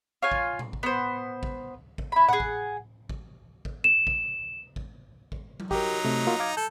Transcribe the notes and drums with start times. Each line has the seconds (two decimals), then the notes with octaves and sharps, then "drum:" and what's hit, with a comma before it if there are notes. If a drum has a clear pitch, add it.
0.22 F4 C#5 G#5
0.32 drum: kick A1
0.59 drum: tom A2
0.73 drum: kick A1
0.83 B3 C5
1.43 drum: kick A1
1.98 drum: kick A1
2.12 E4 B5
2.29 G#4 F#5, drum: tom A2
2.40 drum: kick A1
3.09 drum: kick A1
3.65 drum: kick A1
3.84 E7
4.07 drum: kick A1
4.76 drum: kick A1
5.32 drum: kick A1
5.60 drum: tom F#3
5.71 F#3 D#4 G4 A#4, drum: kick A1
6.05 C3 A3
6.27 A#3 F4 F#4
6.40 F5 D6 G#6
6.57 A4 G6